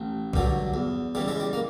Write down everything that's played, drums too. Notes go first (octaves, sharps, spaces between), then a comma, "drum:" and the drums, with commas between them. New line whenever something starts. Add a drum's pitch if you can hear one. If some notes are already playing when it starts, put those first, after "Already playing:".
Already playing: A1
G2 D3 F#3, drum: kick
E2
C#3 E3 G3
G#3
G3
A#3